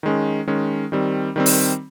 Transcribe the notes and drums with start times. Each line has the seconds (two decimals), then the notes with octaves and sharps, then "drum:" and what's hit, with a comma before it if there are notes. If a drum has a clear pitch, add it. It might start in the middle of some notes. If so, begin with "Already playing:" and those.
0.03 D#3 G#3 C#4
0.47 D#3 G#3 C#4
0.92 D#3 G3 C4
1.36 D#3 G3 C4
1.46 drum: open hi-hat